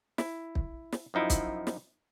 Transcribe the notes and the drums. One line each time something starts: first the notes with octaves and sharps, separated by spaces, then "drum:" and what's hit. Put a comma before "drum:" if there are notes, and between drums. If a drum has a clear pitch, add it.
E4, drum: snare
drum: kick
drum: snare
F#2 F3 D#4 E4
drum: kick, hi-hat
drum: snare